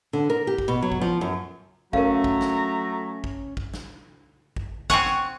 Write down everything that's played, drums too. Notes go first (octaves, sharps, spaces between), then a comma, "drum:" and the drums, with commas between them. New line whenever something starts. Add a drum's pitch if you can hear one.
D3
A#4
G4
drum: kick
B2
F#3
drum: kick
F3
F#2
F#3 A3 C#4 A#4 F5 A#5, drum: kick
drum: kick
drum: snare
drum: kick
drum: kick
drum: snare
drum: kick
C4 C#5 F#5 G#5 C#6, drum: kick
drum: snare